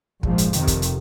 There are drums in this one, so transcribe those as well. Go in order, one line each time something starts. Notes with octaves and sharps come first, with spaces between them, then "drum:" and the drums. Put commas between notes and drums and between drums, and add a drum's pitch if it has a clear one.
A#1 G#2 F3, drum: kick
drum: hi-hat
F2 C3 D#3, drum: hi-hat
drum: kick, hi-hat
drum: hi-hat